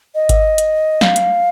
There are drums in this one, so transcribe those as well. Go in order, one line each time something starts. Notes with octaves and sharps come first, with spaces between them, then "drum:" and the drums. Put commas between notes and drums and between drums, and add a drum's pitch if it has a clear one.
D#5
drum: kick G#1, hi-hat
drum: hi-hat
F5, drum: snare
drum: hi-hat